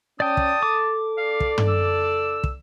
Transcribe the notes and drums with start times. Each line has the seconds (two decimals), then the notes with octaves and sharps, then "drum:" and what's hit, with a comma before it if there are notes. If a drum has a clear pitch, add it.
0.20 C#4 D5 G5 A5 D#6
0.37 drum: kick
0.63 A4 D6
1.18 D4 D5 F5
1.40 drum: kick
1.58 drum: tom
1.68 E6
2.44 drum: kick